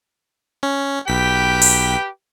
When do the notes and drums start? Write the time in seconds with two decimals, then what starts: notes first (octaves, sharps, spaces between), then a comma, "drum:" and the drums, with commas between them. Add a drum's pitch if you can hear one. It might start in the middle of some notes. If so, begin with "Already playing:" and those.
0.63 C#4
1.08 B1 G4 B4 G5 B6
1.62 drum: open hi-hat